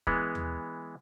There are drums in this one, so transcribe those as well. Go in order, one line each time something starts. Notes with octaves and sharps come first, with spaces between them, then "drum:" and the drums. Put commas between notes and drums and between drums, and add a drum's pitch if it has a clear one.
E3 G#3 B3, drum: kick
drum: tom D#2